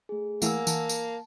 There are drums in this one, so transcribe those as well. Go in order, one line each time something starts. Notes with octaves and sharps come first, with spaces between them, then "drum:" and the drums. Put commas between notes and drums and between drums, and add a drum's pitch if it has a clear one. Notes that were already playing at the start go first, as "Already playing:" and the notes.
A3 G#4
E3 A3 A#3 E4 F#5 G#5 E6, drum: tambourine
E3 A5, drum: tambourine
drum: tambourine